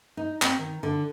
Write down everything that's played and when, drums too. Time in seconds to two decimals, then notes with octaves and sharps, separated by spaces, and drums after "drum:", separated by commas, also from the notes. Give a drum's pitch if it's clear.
0.17 D#4
0.42 C4, drum: clap
0.59 D#3
0.83 D3